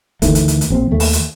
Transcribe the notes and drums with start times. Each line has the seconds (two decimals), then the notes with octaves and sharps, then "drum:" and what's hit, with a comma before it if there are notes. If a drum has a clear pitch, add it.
0.22 D2 D#3 E3 A3, drum: kick F#1, hi-hat
0.35 drum: hi-hat
0.48 drum: hi-hat
0.61 drum: hi-hat
0.70 A#1 C4
0.91 D#2 A3
1.00 drum: open hi-hat
1.13 drum: hi-hat